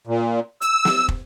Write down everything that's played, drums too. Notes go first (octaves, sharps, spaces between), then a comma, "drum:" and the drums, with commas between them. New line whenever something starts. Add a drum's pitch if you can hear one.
A#2
E6, drum: hi-hat
drum: snare
drum: kick